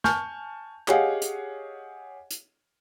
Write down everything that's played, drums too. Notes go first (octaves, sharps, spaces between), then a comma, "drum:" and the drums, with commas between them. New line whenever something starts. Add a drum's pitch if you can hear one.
G#5 A5 C#6 F6 G6, drum: snare
G4 G#4 C#5 D#5 F5 F#5, drum: clap
drum: hi-hat
drum: hi-hat